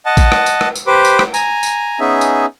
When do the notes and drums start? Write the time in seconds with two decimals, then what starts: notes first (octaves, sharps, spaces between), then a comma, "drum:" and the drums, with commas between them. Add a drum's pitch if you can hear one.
0.06 D#5 F#5 A5
0.17 drum: kick, tambourine
0.32 drum: rim click
0.46 drum: tambourine
0.61 drum: rim click
0.75 drum: tambourine
0.87 G4 B4 C5 D6
1.05 drum: tambourine
1.19 drum: rim click
1.34 G#5 A#5, drum: tambourine
1.63 drum: tambourine
2.00 B3 C#4 D#4 G#4 E5
2.21 drum: tambourine